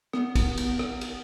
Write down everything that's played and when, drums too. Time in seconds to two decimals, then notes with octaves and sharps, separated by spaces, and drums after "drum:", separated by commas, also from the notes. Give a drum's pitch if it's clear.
0.13 B3, drum: rim click
0.36 drum: kick, cymbal
0.57 drum: cymbal
0.79 drum: rim click
1.01 drum: cymbal